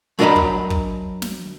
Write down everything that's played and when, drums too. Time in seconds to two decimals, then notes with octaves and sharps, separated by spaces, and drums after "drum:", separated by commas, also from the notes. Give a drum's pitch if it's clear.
0.19 F#3 D4 A#4 D#5 A#5 B5
0.36 drum: kick
0.70 drum: kick
1.22 drum: snare